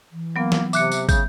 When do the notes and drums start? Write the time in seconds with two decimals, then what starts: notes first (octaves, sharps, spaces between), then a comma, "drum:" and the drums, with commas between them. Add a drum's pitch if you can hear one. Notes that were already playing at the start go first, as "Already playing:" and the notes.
0.12 E3
0.36 F#3 A#3 B3
0.52 drum: snare
0.73 C3 E5 D6 F#6 C#7, drum: tambourine
0.92 drum: tambourine
1.09 C#3 G6, drum: kick, tambourine